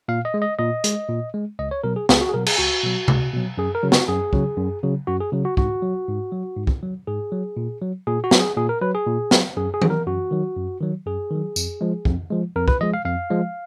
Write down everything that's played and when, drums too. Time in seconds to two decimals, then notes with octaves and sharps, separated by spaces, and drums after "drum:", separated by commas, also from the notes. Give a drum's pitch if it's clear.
0.08 A#2 F5
0.25 D#5
0.34 G#3
0.42 D#5
0.59 A#2 D#5
0.84 G#3, drum: hi-hat
1.08 A#2
1.34 G#3
1.59 C#2 D#5
1.71 C#5
1.83 B2 F#3 A#4
1.96 G#4
2.09 C#2 G#4, drum: snare
2.21 F#4
2.29 G#4
2.34 B2 F#3 A#4
2.46 G#4, drum: cymbal
2.58 C#2 F#4
2.83 B2 F#3
3.08 C#2, drum: tom C3
3.33 B2 F#3
3.58 F#2 G#4
3.75 A#4
3.83 C#3 F#3
3.92 F#4, drum: snare
4.08 F#2 G#4
4.33 C#3 F#3, drum: kick
4.57 F#2
4.83 C#3 F#3
5.07 F#2 F#4
5.21 G#4
5.32 C#3 F#3
5.45 F#4
5.57 G#2 F#4, drum: kick
5.82 F#3
6.08 G#2
6.32 F#3
6.57 G#2
6.67 drum: kick
6.83 F#3
7.07 G#2 G#4
7.32 F#3
7.57 A#2
7.81 F#3
8.07 A#2 G#4
8.24 F#4
8.31 F#3, drum: snare
8.40 G#4
8.57 A#2 G#4
8.69 A#4
8.82 F#3 B4
8.95 G#4
9.06 A#2
9.31 F#3, drum: snare
9.57 F#2 G#4
9.74 G#4
9.82 D#3 F#3, drum: tom E3
9.90 A#4
10.07 F#2 F#4
10.31 D#3 F#3
10.56 F#2
10.81 D#3 F#3
11.06 F#2 G#4
11.31 D#3 F#3
11.56 F2, drum: tambourine
11.81 F3 G#3
12.05 F2, drum: kick
12.30 F3 G#3
12.56 F2 A#4
12.68 B4, drum: kick
12.81 F3 G#3 D#5
12.94 F5
13.05 F2 F5
13.30 F3 G#3